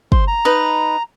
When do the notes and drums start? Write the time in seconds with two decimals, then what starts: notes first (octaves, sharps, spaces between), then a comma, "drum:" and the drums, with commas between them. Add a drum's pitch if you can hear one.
0.12 C5 C6, drum: kick
0.27 A#5
0.45 D#4 B4